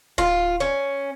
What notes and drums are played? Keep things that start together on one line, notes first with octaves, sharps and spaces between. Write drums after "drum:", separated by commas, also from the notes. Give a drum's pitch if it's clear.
F4, drum: kick D1
C#4